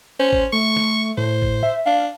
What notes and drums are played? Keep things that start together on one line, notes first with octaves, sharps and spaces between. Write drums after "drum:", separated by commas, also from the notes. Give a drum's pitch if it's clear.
C#4 C5
drum: kick
A3 C#6
drum: snare
A2 C5
drum: kick
E5
D4 F5